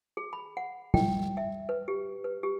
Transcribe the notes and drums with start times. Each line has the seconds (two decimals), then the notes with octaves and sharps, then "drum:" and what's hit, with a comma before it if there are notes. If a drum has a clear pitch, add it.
0.17 G#4
0.33 B5
0.57 F#5
0.94 G5, drum: tom
1.37 E5
1.69 B4
1.88 G4
2.24 B4
2.43 G4